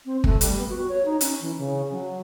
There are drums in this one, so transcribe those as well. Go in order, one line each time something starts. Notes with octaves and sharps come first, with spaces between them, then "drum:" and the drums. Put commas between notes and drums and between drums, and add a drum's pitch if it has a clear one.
C4
A3, drum: kick
G3, drum: hi-hat
B3
F#4
C#5
D#4
C#4, drum: hi-hat
E3
C#3
F#3